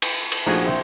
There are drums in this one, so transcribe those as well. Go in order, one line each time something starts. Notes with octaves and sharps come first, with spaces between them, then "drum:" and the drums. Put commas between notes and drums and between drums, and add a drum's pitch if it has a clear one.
drum: cymbal
drum: cymbal
A#1 F3 A3 D#4 F#4 G#4
C4 E4